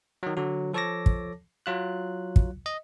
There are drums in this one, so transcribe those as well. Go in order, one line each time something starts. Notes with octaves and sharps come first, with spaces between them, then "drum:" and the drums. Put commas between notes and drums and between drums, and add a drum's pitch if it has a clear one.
D#3 F#3
D3 F#3 F#4
F3 A4 C#5 A5 D6 A#6
drum: kick
F#3 F4 F#6
drum: kick
D#5